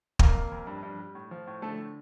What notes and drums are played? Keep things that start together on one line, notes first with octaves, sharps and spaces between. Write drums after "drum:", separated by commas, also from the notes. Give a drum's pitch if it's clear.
F2 A#3 A#4, drum: kick
F2
F2
G2
G2
G3
A2
F3
A2
D3 A3 A4